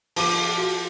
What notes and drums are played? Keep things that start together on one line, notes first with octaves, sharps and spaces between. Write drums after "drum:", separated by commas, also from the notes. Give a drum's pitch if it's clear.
F3 D6 D#7, drum: open hi-hat
drum: open hi-hat
F#4